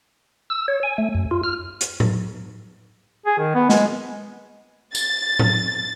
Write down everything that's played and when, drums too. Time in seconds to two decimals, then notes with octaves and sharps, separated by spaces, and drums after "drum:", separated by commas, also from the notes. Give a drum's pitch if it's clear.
0.50 E6
0.68 C#5
0.83 G#5
0.98 A3
1.15 F#2
1.31 F4
1.43 F6
1.81 drum: hi-hat
2.00 drum: tom A2
3.26 G#4
3.38 D#3
3.55 B3
3.69 G#3, drum: snare
4.95 A6, drum: tambourine
5.39 drum: tom A2